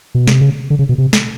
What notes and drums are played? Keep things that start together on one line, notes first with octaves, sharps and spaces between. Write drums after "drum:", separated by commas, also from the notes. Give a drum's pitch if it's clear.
B2
C3, drum: snare
C#3
D3
C#3
B2
C3
drum: snare